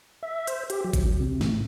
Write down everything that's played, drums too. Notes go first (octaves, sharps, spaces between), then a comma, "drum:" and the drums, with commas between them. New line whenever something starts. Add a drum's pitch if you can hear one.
E5
C5, drum: hi-hat
G4, drum: hi-hat
F#3
drum: kick G#1, hi-hat
D2
C3
A2, drum: snare